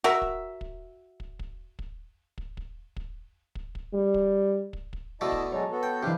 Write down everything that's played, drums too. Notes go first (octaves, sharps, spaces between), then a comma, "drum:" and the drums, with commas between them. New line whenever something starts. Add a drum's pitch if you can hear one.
F#4 A#4 E5
drum: kick
drum: kick
drum: kick
drum: kick
drum: kick
drum: kick
drum: kick
drum: kick
drum: kick
drum: kick
G3
drum: kick
drum: kick
drum: kick
B2 D3 A3 E4 D#5 A5
drum: kick
F#3 G#3 D#4 C#5 A5
B3 F#4 A4
G5
C3 D#3 E3 D4 F5 G6